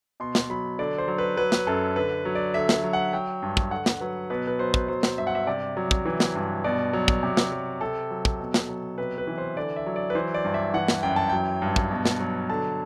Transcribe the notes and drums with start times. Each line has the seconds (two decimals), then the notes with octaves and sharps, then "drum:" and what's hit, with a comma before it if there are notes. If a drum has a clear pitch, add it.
0.20 B2 C6
0.35 drum: snare
0.50 F#3 B5
0.79 D3 D5
0.98 C5
1.08 F#3
1.18 B4
1.37 F#3 B4
1.52 drum: snare
1.67 F#2 A4
1.96 D3 B4
2.25 F#3
2.35 D5
2.54 D3 E5
2.69 drum: snare
2.84 F#3
2.93 F#5
3.13 F#3 G5
3.42 G2
3.57 drum: kick
3.71 D3 F#5
3.86 drum: snare
4.00 F#3 B4
4.30 B2 B4
4.47 B4
4.59 F#3 C5
4.74 drum: kick
4.88 F#3 C5
5.03 drum: snare
5.18 G2 E5
5.27 F#5
5.35 E5
5.47 C3 D5
5.77 F#3
5.91 drum: kick
6.05 E3
6.20 drum: snare
6.35 G2
6.64 B2 D5
6.93 F#3
7.08 drum: kick
7.23 C3
7.37 drum: snare
7.52 F#3
7.81 C3 A4
8.10 F#3
8.25 drum: kick
8.40 B2
8.54 drum: snare
8.69 F#3
8.98 C3 B4
9.18 B4
9.27 E3
9.38 C5
9.57 D3 D5
9.76 E5
9.86 F#3
9.96 D5
10.10 B4
10.15 E3 C5
10.34 D5
10.45 G2
10.54 E5
10.74 E3 F#5
10.88 drum: snare
11.03 F#2 G5
11.16 A5
11.29 F#3 G5
11.62 G2
11.76 drum: kick
11.91 B2
12.05 drum: snare
12.20 F#3
12.50 D3 A5